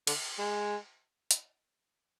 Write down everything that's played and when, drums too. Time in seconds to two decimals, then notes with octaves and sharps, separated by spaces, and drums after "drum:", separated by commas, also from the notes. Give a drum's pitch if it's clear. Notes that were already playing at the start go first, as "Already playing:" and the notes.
0.07 D3, drum: cymbal
0.39 G#3
1.31 drum: hi-hat